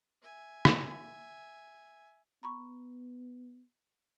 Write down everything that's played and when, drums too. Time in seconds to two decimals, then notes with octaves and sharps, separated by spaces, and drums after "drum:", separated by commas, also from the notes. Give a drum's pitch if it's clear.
0.23 E5 G#5
0.65 drum: rim click
2.43 B3 A#5 B5 C#6